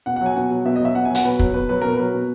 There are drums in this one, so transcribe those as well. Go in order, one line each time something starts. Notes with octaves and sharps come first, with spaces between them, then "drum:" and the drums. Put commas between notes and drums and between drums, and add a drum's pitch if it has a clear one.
B2 F#5
F#5
F#3 G#5
B2 F#5
F#3
B2 E5
D#5
F#3 E5
B2 F#5
G#5
F#3
F#5, drum: hi-hat
B2 B4
F#3, drum: kick
B2 B4
F#3 B4
B2 A#4
B4
F#3
B2